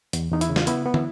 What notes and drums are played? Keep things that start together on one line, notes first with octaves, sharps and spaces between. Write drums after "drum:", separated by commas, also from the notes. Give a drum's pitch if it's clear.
E2, drum: hi-hat
E2 D#4
E4, drum: hi-hat
C#3
F4, drum: snare
B3 E4, drum: hi-hat
B3
E4, drum: tom